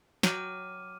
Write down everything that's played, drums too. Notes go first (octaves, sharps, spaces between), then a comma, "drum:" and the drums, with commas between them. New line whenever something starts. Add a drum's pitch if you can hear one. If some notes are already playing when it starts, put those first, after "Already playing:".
F#3 G5 D6 F6 D#7, drum: snare